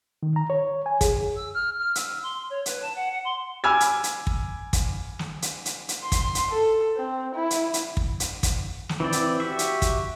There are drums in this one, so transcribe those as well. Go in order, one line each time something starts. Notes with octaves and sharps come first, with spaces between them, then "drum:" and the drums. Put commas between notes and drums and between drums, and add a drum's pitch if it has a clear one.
D#3
A#5
C#5
G#5
G#4, drum: kick, hi-hat
E6
F6
F6
E6, drum: hi-hat
C6
C#5
B4, drum: hi-hat
A5
F#5
F#5
C6
G#5 B5 D6 E6 F6 G#6
drum: hi-hat
drum: hi-hat
drum: kick
drum: kick, hi-hat
drum: snare
drum: hi-hat
drum: hi-hat
drum: hi-hat
C6
drum: kick, hi-hat
drum: hi-hat
A4
C4
E4
drum: hi-hat
drum: hi-hat
drum: kick
drum: hi-hat
drum: kick, hi-hat
drum: snare
E3 C4 D5
drum: hi-hat
F#4 G4 E5
drum: hi-hat
drum: kick, hi-hat